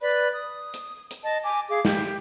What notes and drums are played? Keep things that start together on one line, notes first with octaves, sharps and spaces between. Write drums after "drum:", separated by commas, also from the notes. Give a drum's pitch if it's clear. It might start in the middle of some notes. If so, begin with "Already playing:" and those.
B4 D5 B5
D#6
drum: hi-hat
drum: hi-hat
D#5 A5
G#5 D6
G#4 F5 D6
G4, drum: snare